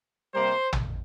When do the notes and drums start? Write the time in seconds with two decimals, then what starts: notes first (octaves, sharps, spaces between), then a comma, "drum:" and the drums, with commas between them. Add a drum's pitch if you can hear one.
0.34 C3 G3 A#3 C5
0.73 drum: tom